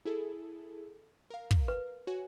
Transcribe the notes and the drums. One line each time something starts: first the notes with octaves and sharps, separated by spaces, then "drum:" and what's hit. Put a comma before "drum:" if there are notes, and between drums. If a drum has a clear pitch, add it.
E4 G#4 A4
A#4 F5
drum: kick
B4
F#4 C#5 G#5